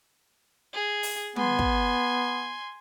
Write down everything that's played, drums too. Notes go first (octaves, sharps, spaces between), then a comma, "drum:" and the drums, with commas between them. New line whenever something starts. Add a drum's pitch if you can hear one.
G#4
drum: open hi-hat
B3 G#5 C6, drum: tom
drum: kick